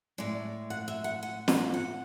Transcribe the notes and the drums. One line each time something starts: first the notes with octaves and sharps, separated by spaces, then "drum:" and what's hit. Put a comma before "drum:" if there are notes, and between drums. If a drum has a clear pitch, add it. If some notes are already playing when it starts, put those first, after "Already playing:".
A2 G#3 D5
F#5
E5
F#5
F#5
drum: snare
F#5